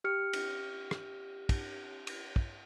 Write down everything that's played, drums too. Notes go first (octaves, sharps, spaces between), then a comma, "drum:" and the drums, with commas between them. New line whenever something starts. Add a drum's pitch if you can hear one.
G4 F6 C#7
drum: cymbal
drum: rim click
drum: kick, cymbal
drum: cymbal
drum: kick